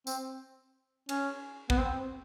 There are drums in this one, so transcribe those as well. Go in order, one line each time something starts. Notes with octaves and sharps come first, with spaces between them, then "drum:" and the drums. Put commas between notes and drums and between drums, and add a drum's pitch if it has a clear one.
C4, drum: tambourine
C#4, drum: cymbal
B3, drum: kick
C4